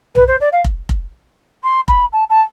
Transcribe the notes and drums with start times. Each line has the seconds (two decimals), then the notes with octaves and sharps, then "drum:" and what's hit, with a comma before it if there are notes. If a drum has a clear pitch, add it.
0.15 B4, drum: tom B1
0.27 C5
0.40 D5
0.52 F5
0.64 drum: kick F1
0.89 drum: kick F1
1.63 C6
1.88 B5, drum: kick F1
2.12 A5
2.30 A5